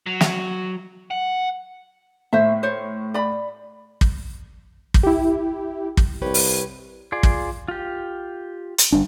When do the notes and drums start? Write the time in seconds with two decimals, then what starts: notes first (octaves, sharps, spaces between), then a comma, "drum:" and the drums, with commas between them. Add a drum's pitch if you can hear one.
0.06 F#3
0.21 drum: snare
1.11 F#5
2.33 A2 C5 E5
2.63 C5 C#5
3.14 D5 B5
4.01 drum: kick
4.94 drum: kick
5.03 E4 G4
5.97 drum: kick
6.22 C2 G4 B4 C#5
6.34 drum: open hi-hat
7.12 F4 G#4 D5
7.23 drum: kick
7.68 F4 G4
8.78 drum: hi-hat
8.92 G1 G2 D4